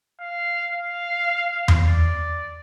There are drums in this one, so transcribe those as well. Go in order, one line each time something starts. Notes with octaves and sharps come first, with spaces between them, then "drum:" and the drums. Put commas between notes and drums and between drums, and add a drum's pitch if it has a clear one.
F5
F5
drum: tom E2
D5